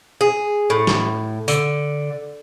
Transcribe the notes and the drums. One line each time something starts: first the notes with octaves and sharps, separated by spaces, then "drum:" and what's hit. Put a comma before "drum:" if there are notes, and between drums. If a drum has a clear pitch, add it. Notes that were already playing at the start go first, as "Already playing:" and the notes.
G#4
A2
drum: snare
D3, drum: tambourine